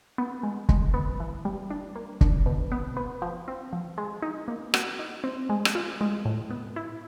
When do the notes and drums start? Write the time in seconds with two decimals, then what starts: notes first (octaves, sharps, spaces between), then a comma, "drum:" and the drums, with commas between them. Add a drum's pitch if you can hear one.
0.18 B3
0.43 G#3
0.69 G#3, drum: kick
0.94 B3
1.20 E3
1.45 G3
1.70 D4
1.96 A#3
2.21 D4, drum: kick
2.46 B2
2.72 B3
2.97 B3
3.22 F3
3.48 C4
3.73 F3
3.98 G#3
4.23 D#4
4.48 A#3
4.74 F#4, drum: rim click
4.99 D#4
5.24 C4
5.50 G#3
5.65 drum: rim click
5.75 F4
6.01 G#3
6.25 A2
6.50 B3
6.76 E4